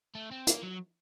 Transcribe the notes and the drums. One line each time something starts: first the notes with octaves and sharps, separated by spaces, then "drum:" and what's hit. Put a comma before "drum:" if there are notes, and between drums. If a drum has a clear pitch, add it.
A3
C4
A#3, drum: hi-hat
F#3